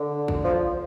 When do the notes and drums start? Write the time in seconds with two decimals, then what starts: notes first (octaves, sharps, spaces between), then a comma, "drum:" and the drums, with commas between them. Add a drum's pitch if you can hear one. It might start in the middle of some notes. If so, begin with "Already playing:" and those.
Already playing: D3
0.28 drum: kick
0.44 F3